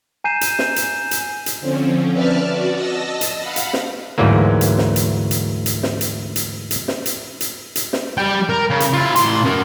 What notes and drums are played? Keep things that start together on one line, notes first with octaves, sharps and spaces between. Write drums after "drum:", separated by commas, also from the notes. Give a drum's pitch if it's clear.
G#5 A#5 G6 C7 D#7 E7
drum: hi-hat
drum: snare
drum: hi-hat
drum: hi-hat
drum: hi-hat
D3 F3 C4 C#4
B4 D5 E5 A5 F6
F#4 D5
D#5 A5 E6 A#6
drum: hi-hat
F5 F#5 B5
drum: hi-hat
drum: snare
D2 G#2 D3 E3 F#3 A#3
drum: hi-hat
drum: snare
drum: hi-hat
drum: hi-hat
drum: hi-hat
drum: snare
drum: hi-hat
drum: hi-hat
drum: hi-hat
drum: snare
drum: hi-hat
drum: hi-hat
drum: hi-hat
drum: snare
G3 G5
A#4
C#3
drum: hi-hat
E4 F4
A2 C6, drum: hi-hat
C#4 A#4